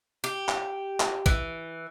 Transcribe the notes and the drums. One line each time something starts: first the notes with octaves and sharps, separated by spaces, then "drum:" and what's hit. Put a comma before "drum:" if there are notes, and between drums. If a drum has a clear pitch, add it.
G4
drum: clap
drum: clap
E3, drum: kick